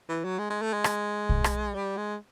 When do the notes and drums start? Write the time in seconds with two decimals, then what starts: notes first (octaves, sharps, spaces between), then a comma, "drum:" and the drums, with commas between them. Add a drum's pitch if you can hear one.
0.09 E3
0.25 F#3
0.39 G#3
0.50 G#3
0.62 A3
0.73 G#3
0.84 drum: rim click
1.29 drum: kick
1.44 drum: rim click
1.74 G3
1.97 G#3